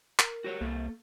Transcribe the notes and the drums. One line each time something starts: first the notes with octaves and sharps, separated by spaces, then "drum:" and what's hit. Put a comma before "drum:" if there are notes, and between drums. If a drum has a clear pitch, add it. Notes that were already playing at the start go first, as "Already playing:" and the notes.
A#4, drum: clap
F#4 G4 C#5
C2 A#3 A4